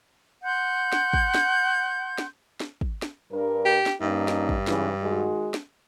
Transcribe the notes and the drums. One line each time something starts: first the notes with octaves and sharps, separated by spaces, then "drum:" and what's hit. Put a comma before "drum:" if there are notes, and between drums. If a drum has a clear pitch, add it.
F#5 C6 G6
drum: snare
drum: kick
drum: snare
drum: snare
drum: snare
drum: kick
drum: snare
G2 A#4
G4
drum: snare
G2 A#3 C#4 D#4
drum: snare
drum: kick
G#2 C#3 E3, drum: snare
D#3 G#3 F#4
drum: snare